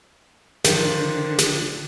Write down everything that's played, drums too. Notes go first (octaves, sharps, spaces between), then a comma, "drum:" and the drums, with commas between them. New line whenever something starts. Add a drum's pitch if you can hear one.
D3 D#3 F3, drum: snare
drum: snare